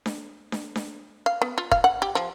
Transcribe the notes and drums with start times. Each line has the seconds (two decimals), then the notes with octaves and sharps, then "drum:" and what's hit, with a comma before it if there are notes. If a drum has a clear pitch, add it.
0.06 drum: snare D4
0.52 drum: snare D4
0.76 drum: snare D4
1.26 F5
1.42 B3
1.58 F4
1.72 F5, drum: kick
1.84 F#5
2.02 G4
2.15 F3